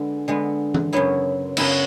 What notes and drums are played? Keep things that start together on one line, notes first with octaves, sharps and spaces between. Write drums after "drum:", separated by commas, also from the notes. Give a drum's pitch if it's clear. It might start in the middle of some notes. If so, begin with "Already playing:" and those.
Already playing: D3 G#3 B3
D3 G#3 B3
drum: tom E3
F#2 C#3 F#3 B3 E4
F#2 C#3 F#3 B3 E4, drum: cymbal